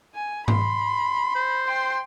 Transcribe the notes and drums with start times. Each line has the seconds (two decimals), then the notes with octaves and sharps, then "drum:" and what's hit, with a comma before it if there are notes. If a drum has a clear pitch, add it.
0.15 G#5
0.48 B5 C6, drum: tom G#2
1.35 C5
1.67 G5 C6